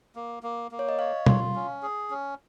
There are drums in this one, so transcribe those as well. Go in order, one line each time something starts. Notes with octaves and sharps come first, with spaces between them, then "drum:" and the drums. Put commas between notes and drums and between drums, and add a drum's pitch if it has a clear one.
A#3
A#3
A#3
C#5
D#5
C#5 F5
F4 F5, drum: tom
C#4
G#4
C#4